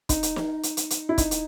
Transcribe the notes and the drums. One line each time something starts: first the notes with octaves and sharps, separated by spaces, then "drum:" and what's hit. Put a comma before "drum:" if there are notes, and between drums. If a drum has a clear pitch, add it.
D#4, drum: kick, hi-hat
drum: hi-hat
drum: snare
drum: hi-hat
drum: hi-hat
drum: hi-hat
E4
D#4, drum: kick, hi-hat
drum: hi-hat